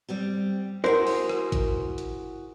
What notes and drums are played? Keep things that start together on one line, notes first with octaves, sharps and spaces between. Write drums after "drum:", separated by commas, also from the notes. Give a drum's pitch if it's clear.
G3 C4 G4
E4 F#4 G#4 A#4 C5
drum: open hi-hat
drum: rim click
drum: kick G#1, hi-hat
drum: hi-hat